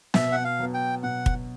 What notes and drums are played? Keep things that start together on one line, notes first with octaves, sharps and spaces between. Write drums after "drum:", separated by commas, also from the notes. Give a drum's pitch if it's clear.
B2 E5, drum: snare
F#5
F5
F#3 B3
G5
B2 F#5
drum: kick